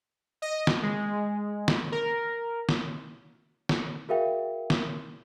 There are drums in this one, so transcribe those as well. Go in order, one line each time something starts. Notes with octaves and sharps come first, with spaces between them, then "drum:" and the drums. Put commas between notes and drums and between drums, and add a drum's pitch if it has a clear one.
D#5
drum: snare
G#3
drum: snare
A#4
drum: snare
drum: snare
F#4 G#4 A#4 E5 F5 G5
drum: snare